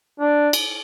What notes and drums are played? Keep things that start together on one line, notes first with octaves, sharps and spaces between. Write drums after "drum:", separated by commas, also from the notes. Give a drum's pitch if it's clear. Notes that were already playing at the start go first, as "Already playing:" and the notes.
D4
drum: cymbal